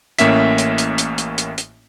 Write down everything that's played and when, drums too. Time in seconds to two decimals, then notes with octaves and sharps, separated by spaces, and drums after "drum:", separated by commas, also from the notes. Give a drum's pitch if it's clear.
0.19 A1 A2 A#3 C#4 E5 B6, drum: hi-hat
0.58 drum: hi-hat
0.78 drum: hi-hat
0.98 drum: hi-hat
1.18 drum: hi-hat
1.38 drum: hi-hat
1.58 drum: hi-hat